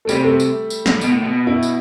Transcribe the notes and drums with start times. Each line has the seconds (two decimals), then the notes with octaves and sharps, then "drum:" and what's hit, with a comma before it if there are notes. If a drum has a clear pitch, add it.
0.05 A3
0.09 C3 G3, drum: tambourine
0.24 A3
0.40 drum: tambourine
0.70 drum: tambourine
0.86 drum: snare
1.01 B2, drum: tambourine
1.12 A2
1.24 B2
1.47 E4
1.63 drum: tambourine